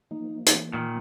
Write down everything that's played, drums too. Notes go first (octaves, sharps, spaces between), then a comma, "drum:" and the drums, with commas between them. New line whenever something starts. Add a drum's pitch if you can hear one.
F3 A#3 D#4
E3, drum: hi-hat
A#2 D#3